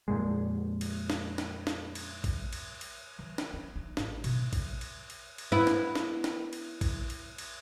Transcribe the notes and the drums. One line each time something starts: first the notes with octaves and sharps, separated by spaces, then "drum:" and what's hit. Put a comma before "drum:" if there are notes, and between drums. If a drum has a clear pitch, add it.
F2 A#2 G#3
drum: cymbal
drum: snare
drum: snare
drum: snare
drum: cymbal
drum: kick, cymbal
drum: cymbal
drum: cymbal
E3
drum: snare
C#4
D#4
A1, drum: snare
B2, drum: cymbal
drum: kick, cymbal
drum: cymbal
drum: cymbal
drum: cymbal
B3 E4
drum: snare
drum: snare
drum: snare
drum: cymbal
drum: kick, cymbal
drum: cymbal
drum: cymbal